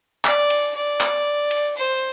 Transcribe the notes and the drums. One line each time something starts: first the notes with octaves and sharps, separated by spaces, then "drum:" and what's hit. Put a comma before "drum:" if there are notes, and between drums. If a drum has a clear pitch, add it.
D5, drum: clap
drum: cymbal
D5
drum: clap
drum: cymbal
C5